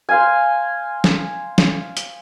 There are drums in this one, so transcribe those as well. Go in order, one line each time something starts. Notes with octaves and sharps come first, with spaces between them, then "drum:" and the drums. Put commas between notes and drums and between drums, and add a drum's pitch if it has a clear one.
C5 F5 G#5
drum: snare
drum: snare
drum: hi-hat